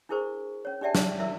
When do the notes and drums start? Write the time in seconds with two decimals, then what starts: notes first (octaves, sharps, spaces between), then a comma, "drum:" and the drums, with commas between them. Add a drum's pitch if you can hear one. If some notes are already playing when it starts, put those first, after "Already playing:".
0.09 D4 E4 G#4 A#4 C5 C#6
0.65 C#4 C#5
0.81 D4 G4 D5 E5 G5 A5
0.95 drum: snare
1.19 E4 A#4 E5 E6